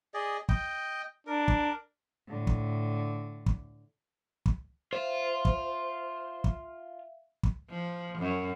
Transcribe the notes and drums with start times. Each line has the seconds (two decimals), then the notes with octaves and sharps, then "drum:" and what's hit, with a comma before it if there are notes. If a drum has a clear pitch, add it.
0.14 G#4 D5 D#5
0.49 D#5 G5, drum: kick
1.27 D4 A#4
1.48 drum: kick
2.28 A2 D3
2.47 drum: kick
3.46 drum: kick
4.46 drum: kick
4.93 F4 C5 E5 F5
5.45 drum: kick
6.44 drum: kick
7.43 drum: kick
7.70 F3
8.19 F#2